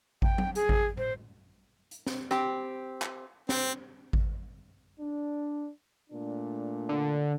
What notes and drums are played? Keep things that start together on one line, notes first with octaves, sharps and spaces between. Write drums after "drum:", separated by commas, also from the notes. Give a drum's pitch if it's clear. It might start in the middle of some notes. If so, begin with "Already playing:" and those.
G5, drum: kick G#1
drum: tom F#3
G#4, drum: hi-hat
drum: kick G#1
C5, drum: tom A2
drum: hi-hat
drum: snare C4
C4 G4, drum: rim click
drum: clap
C4, drum: snare C4
drum: kick G#1
D4
A#2 A3 D4
D3